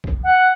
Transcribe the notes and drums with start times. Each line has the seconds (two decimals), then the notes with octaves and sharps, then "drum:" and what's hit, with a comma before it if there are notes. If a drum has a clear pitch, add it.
0.04 drum: kick
0.23 F#5